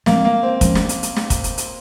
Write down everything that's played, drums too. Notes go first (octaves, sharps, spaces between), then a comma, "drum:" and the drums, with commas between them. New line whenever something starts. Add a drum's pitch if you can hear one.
F3 G#3 A#3 C4, drum: snare
A#3
C4
F3 G#3 C#4, drum: kick, hi-hat
drum: snare
drum: hi-hat
drum: hi-hat
drum: snare
drum: kick, hi-hat
drum: hi-hat
drum: hi-hat